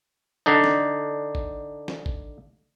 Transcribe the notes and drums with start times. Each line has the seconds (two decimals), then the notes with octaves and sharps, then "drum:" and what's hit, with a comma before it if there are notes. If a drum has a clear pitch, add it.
0.46 D3 D4 D#4
0.64 drum: snare
1.35 drum: kick G#1
1.88 drum: snare
2.06 drum: kick G#1